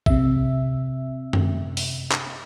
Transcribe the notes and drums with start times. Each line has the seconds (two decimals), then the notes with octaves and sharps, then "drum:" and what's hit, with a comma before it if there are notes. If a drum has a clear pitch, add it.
0.06 C3 E5, drum: kick A#1
1.33 drum: tom F#2
1.77 drum: open hi-hat
2.12 drum: clap